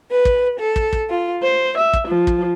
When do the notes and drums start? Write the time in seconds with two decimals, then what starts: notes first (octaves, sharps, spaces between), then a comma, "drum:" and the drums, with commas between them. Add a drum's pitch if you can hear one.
0.11 B4
0.25 drum: kick
0.59 A4
0.76 drum: kick
0.93 drum: kick
1.10 F4
1.43 C5
1.77 E5
1.93 drum: kick
2.08 F3
2.27 drum: kick